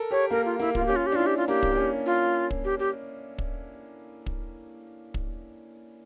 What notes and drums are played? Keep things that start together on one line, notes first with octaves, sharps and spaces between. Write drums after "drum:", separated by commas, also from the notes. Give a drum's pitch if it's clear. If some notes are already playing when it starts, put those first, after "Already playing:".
Already playing: A4 A#4
G4 C#5
A#3 A#4
F4
A#3 E4
F4, drum: kick
A#3
C#4 G4
F4
G4
D4
E4 F4
G4
F4
A#3 G4
drum: kick
A#3
C#4
F4
drum: kick
G4
G4
drum: kick
drum: kick
drum: kick